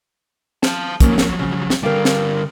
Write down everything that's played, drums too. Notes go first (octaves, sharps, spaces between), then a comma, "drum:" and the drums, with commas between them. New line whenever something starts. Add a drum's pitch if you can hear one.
F5 A5, drum: snare
D#3 F3 F#3 A#3 C#4, drum: kick, hi-hat
drum: snare
C#3
drum: snare
D3 G3 A#4 F5 G5
drum: snare